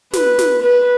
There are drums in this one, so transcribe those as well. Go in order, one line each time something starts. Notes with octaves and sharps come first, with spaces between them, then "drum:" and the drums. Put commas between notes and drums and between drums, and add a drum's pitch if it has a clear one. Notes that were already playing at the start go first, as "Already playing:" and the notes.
B4, drum: snare
drum: snare
B4